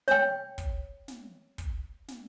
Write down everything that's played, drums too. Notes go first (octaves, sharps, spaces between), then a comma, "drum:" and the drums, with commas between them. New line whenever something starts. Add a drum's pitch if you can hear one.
C#5 G5, drum: snare
drum: kick, hi-hat
drum: snare
drum: kick, hi-hat
drum: snare